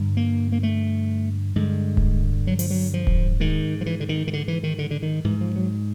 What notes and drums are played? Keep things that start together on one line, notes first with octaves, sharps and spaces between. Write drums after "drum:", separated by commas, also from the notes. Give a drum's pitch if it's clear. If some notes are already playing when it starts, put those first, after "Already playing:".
Already playing: G2 D3
A#3
A#3
A3
G2 D3 G#3
drum: kick D1
F#3
F3, drum: open hi-hat
F#3
F3
drum: kick D1
G#2 D#3
F3
E3
D3
D#3
D#3
D3
E3
D#3
D3
D3
D#3
G#2 E3
F3
F#3